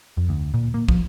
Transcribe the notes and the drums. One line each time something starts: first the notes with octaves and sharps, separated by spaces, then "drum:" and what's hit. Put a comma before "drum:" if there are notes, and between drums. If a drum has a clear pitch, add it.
F2
D2
A#2
A#3
F3, drum: kick